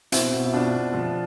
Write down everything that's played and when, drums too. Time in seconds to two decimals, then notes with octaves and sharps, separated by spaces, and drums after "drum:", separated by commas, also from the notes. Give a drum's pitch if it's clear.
0.12 B2 C4 E4, drum: hi-hat
0.33 B2
0.46 E4
0.53 B2 D4 F4
0.74 B2
0.94 F3